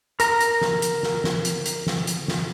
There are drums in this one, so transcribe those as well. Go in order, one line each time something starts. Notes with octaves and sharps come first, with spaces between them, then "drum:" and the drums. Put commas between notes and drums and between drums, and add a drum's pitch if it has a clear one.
A#4 A#5, drum: hi-hat
drum: hi-hat
drum: snare
drum: hi-hat
drum: snare
drum: snare
drum: hi-hat
drum: hi-hat
drum: snare
drum: hi-hat
drum: snare